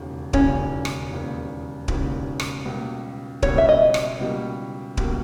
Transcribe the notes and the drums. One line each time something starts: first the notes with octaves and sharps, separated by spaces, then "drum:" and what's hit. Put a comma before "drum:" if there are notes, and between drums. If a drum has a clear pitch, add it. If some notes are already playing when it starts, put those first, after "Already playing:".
Already playing: E1 D#2 C#3
E1 D#2 C#3 C#4, drum: kick D1
drum: rim click
E1 D#2 C#3
E1 D#2 C#3, drum: kick D1
drum: rim click
C#2 B2 G3 A#3
C#2 B2 G3 A#3 C#5, drum: kick D1
E5
D#5
drum: rim click
C#2 B2 G3 A#3
C#2 B2 G3 A#3, drum: kick D1